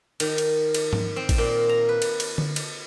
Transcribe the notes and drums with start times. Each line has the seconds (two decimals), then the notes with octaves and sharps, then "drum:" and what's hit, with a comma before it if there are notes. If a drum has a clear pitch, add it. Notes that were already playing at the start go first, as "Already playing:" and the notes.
0.20 D#3, drum: cymbal
0.38 drum: cymbal
0.74 drum: cymbal
0.93 drum: tom G#2
1.16 C4
1.29 drum: kick A1, cymbal
1.38 A#2
1.69 A#5
1.89 B4
2.02 drum: cymbal
2.20 drum: cymbal
2.38 drum: tom D3
2.56 drum: cymbal